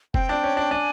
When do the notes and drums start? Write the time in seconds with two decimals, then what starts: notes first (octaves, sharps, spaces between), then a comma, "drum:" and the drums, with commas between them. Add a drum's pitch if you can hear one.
0.14 C4 G5, drum: kick F1
0.29 D4
0.44 C#4
0.57 D4
0.71 D4 G#5